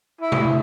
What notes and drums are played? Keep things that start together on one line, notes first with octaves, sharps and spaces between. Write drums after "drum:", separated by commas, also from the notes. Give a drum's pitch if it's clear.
E4
drum: tom C3